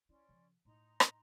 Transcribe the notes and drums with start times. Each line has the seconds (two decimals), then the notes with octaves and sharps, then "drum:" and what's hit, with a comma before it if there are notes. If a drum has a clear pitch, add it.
0.09 C#4 E4 D5 C6
0.29 C#3 F3
0.65 A2 D#4 A#5 C6
1.00 drum: rim click